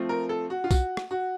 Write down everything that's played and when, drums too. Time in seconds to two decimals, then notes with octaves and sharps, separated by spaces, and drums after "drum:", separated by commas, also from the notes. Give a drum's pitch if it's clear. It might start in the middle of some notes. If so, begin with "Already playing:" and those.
Already playing: F3 A3 C4 F4
0.09 A#4
0.29 A4
0.50 F#4
0.64 F4
0.71 F#4, drum: kick B1, tambourine
0.97 drum: rim click
1.11 F#4